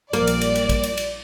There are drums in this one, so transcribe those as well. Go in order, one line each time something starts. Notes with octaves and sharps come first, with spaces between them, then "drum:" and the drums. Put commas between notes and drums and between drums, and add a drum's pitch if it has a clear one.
A#1 F3 G3 A#3 D5, drum: cymbal
drum: cymbal
drum: cymbal
drum: cymbal
drum: kick, cymbal
drum: cymbal
drum: cymbal